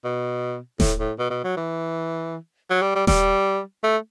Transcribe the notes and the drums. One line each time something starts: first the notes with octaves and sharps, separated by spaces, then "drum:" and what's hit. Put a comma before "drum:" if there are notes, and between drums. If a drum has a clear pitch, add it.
B2
A2, drum: snare D#1
A2
B2
B2
F#3
E3
F#3
G3
G3
G3, drum: snare D#1
A3